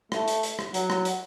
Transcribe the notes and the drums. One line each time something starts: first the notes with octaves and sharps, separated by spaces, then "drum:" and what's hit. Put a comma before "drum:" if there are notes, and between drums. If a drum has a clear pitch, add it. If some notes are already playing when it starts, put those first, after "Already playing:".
A3, drum: rim click
drum: hi-hat
drum: hi-hat
drum: rim click
F#3, drum: hi-hat
drum: rim click
drum: hi-hat